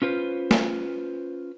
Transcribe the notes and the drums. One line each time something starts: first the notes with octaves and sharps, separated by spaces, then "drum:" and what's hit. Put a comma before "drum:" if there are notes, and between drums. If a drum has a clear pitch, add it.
C#4 F4 B4 C5
drum: snare